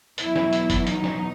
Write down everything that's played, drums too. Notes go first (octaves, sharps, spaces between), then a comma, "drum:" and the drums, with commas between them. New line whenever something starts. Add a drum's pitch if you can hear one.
E2 B2 F#3 E4, drum: hi-hat
drum: snare
drum: hi-hat
drum: kick, hi-hat
D#4, drum: hi-hat
drum: snare